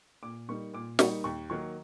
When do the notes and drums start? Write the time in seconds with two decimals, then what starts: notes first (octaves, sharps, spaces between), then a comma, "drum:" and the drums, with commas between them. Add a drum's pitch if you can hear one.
0.23 A#2 D6
0.49 G3 A#3 D#4 C#6
0.74 A#2 D6
0.99 G3 A#3 D#4 C#6, drum: snare
1.24 D#2 C#6
1.50 D#3 F#3 A#3 C#6